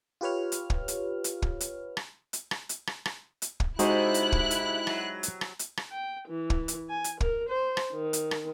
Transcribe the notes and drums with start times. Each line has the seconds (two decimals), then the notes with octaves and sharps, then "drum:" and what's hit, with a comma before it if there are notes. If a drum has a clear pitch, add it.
0.21 F4 G4 B4 C#5 F6
0.52 drum: hi-hat
0.70 drum: kick
0.88 drum: hi-hat
1.24 drum: hi-hat
1.42 drum: kick
1.60 drum: hi-hat
1.97 drum: rim click
2.33 drum: hi-hat
2.51 drum: rim click
2.69 drum: hi-hat
2.87 drum: rim click
3.06 drum: rim click
3.42 drum: hi-hat
3.60 drum: kick
3.79 C3 G#3 D#4 E4 F#4 C5 F#6, drum: hi-hat
4.14 drum: hi-hat
4.32 drum: kick
4.51 drum: hi-hat
4.87 F#3, drum: rim click
5.23 drum: hi-hat
5.41 drum: rim click
5.59 drum: hi-hat
5.77 drum: rim click
5.91 G5
6.28 E3
6.50 drum: kick
6.68 drum: hi-hat
6.90 G#5
7.04 drum: hi-hat
7.20 A#4, drum: kick
7.49 C5
7.77 drum: rim click
7.92 D#3
8.13 drum: hi-hat
8.31 drum: rim click